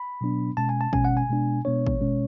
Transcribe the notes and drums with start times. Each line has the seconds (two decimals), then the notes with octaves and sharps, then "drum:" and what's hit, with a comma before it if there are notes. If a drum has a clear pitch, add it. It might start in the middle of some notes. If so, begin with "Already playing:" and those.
Already playing: B5
0.21 B2 F#3 B3 D4
0.57 B2 G#3 C#4 A5
0.69 G#5
0.81 A5
0.93 B2 G#3 C#4 G#5, drum: kick
1.05 F#5
1.17 G#5
1.30 B2 G#3 B3 D4
1.65 B2 G#3 B3 D4 C#5
1.87 drum: kick
2.01 B2 G#3 C#4